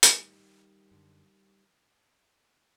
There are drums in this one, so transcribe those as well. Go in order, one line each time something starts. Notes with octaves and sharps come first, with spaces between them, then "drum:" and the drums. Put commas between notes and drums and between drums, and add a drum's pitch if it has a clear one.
A2 D#3 G3, drum: hi-hat
F#2 D3